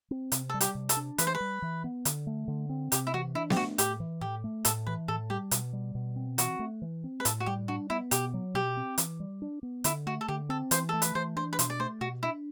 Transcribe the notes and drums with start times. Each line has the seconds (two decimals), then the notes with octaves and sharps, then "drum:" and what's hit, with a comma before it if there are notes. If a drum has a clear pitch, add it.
0.11 C4
0.32 C3, drum: hi-hat
0.49 G3 A4
0.61 G4, drum: hi-hat
0.75 C3
0.89 A4, drum: hi-hat
0.97 D4
1.18 E3 B4, drum: hi-hat
1.27 C5
1.35 B4
1.40 G3
1.62 E3
1.84 B3
2.05 D3, drum: hi-hat
2.27 A3
2.48 D3
2.69 C4
2.92 C3 G4, drum: hi-hat
3.07 E4
3.14 E3 F#4
3.35 D4 E4
3.50 G4, drum: snare B3
3.57 A3 F#4
3.78 A2 G4, drum: hi-hat
4.00 E3
4.21 A2 G4
4.44 A3
4.65 A2 A4, drum: hi-hat
4.87 E3 B4
5.08 A2 A4
5.30 G3 G4
5.51 B2, drum: hi-hat
5.73 G3
5.95 B2
6.16 C4
6.38 E3 F#4, drum: hi-hat
6.59 A3
6.82 E3
7.04 C4
7.20 B4
7.25 A2 A4, drum: hi-hat
7.40 F#4
7.46 G3 G4
7.68 D4 F#4
7.90 B3 E4
8.11 B2 G4, drum: hi-hat
8.34 F#3
8.54 B2 G4
8.77 C4
8.98 E3, drum: hi-hat
9.20 G3
9.42 D4
9.63 B3
9.84 D3 E4, drum: hi-hat
10.06 A3 F#4
10.21 A4
10.28 D3 G4
10.49 C4 A4
10.71 E3 C5, drum: hi-hat
10.89 A3 A4
11.02 B4, drum: hi-hat
11.15 E3 C5
11.36 D4 C5
11.53 B4
11.59 B2 C5, drum: hi-hat
11.70 D5
11.80 A3 C5
12.01 B2 F#4
12.23 D4 E4